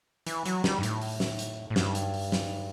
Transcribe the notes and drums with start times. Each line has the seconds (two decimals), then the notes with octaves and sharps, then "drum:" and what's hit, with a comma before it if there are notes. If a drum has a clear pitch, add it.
0.27 E3, drum: hi-hat
0.46 F#3, drum: hi-hat
0.64 G3, drum: snare
0.79 G2
0.83 A2, drum: hi-hat
1.01 drum: open hi-hat
1.20 drum: snare
1.39 drum: hi-hat
1.70 A2
1.76 G2, drum: snare
1.95 drum: hi-hat
2.14 drum: open hi-hat
2.32 drum: snare